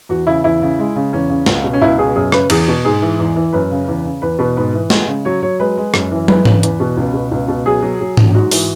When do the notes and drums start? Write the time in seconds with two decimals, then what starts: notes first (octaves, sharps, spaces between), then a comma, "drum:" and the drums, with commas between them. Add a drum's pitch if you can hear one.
0.09 E2 F#4
0.27 C#3 E4
0.44 E2 E4
0.62 C#3
0.79 G#3
0.96 C#3
1.13 E2 C#4
1.29 C#3
1.46 C#2, drum: snare
1.64 B2
1.73 C#4
1.81 C#2 E4
1.98 B2 G#4
2.15 F#2 G#4
2.32 C#3 B4, drum: rim click
2.50 E2 G#4, drum: cymbal
2.68 B2
2.85 G#2 G#4
3.02 E3
3.19 E2
3.36 E3
3.53 F#2 B4
3.71 C#3
3.88 E2
4.04 C#3
4.22 E2 B4
4.39 B2 B4
4.57 G#2 B4
4.74 E3
4.90 G#3, drum: snare
5.07 C#3
5.25 F#3 C#5
5.42 F#3 C#5
5.60 G#3 B4
5.77 G#3
5.94 F#2, drum: rim click
6.11 E3
6.28 G#3 B4, drum: tom
6.45 C#3, drum: tom
6.63 E2, drum: hi-hat
6.80 B2
6.97 C#2
7.14 B2
7.32 C#2
7.48 B2
7.66 F#3 G#4
7.83 F#3
8.01 F#3
8.17 F#3, drum: tom
8.34 G#2 F#4
8.51 E3, drum: open hi-hat